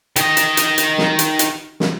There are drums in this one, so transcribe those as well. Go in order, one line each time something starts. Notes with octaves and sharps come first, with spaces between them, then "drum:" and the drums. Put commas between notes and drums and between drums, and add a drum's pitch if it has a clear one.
D#3 D#5, drum: hi-hat
drum: hi-hat
drum: hi-hat
drum: hi-hat
drum: snare
drum: hi-hat
drum: hi-hat
drum: snare